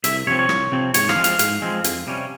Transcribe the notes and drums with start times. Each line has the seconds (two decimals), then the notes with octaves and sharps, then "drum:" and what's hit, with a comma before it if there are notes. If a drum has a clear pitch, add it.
0.04 C2 E5, drum: hi-hat
0.27 C3 F3 C4 C#5
0.39 C#5
0.49 C2, drum: rim click
0.72 C3 F3 C4
0.94 G#2 C#5, drum: hi-hat
1.09 F5, drum: rim click
1.16 F3 G#3 C4
1.24 F5, drum: hi-hat
1.39 G#2 F5, drum: hi-hat
1.62 F3 G#3 C4
1.84 F2, drum: hi-hat
2.07 C3 G3 C#4